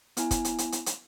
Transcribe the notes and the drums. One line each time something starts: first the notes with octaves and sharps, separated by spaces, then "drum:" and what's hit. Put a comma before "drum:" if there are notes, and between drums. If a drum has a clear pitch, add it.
B3 E4 G#5, drum: hi-hat
drum: kick, hi-hat
drum: hi-hat
drum: hi-hat
drum: hi-hat
drum: hi-hat